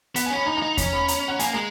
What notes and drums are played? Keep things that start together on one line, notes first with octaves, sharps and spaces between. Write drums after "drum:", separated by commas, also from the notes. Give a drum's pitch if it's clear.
B3 F#5, drum: hi-hat
G#5
C#4
B5
D#4 A#5
A#5
D#4
C#4 A#5, drum: kick E2, hi-hat
B5
A#5, drum: hi-hat
F#5
A#3 G#5, drum: hi-hat
G#3 A#5